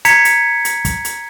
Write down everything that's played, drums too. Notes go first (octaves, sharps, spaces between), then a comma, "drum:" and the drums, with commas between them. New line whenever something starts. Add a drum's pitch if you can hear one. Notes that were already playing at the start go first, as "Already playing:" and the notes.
A#5 G#6 B6 C#7, drum: hi-hat
drum: hi-hat
drum: hi-hat
drum: kick, hi-hat
drum: hi-hat